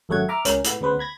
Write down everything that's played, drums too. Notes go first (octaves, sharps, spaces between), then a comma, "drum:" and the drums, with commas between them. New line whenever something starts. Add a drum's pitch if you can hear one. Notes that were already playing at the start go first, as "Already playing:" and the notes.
G#1 F#2 A3 C#5 F#5 G#6
E5 A#5 D6 F6
C#2 C#4 A#4, drum: hi-hat
A2 B3, drum: hi-hat
D2 C#3 B3 B4 C5
B5 G#6 A#6